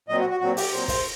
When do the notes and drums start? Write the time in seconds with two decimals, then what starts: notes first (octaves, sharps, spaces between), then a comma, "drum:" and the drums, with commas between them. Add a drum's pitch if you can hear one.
0.09 A#2 F#3 C4 D#5
0.19 F#4
0.30 F#4
0.40 A#2 F#3 C4 F#4
0.57 G4, drum: open hi-hat
0.72 A#2 F#3 C4 C5
0.88 C5, drum: kick, open hi-hat